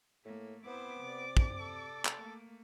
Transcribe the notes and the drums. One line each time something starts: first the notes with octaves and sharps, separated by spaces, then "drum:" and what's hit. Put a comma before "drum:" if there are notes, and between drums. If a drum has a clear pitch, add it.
A2 A3 A#3
B3 C4 E4 C5 D6
C3 D5
drum: kick
A4
drum: clap
A3 A#3